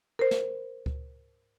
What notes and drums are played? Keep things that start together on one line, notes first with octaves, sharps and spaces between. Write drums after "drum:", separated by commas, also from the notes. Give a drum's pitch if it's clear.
A#4 C5
drum: snare
drum: kick C#2